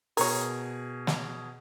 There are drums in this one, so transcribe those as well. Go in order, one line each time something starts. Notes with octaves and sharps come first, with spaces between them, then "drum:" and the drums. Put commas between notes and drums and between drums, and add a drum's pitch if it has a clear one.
B2 G#4 A#4 C#5, drum: open hi-hat
drum: snare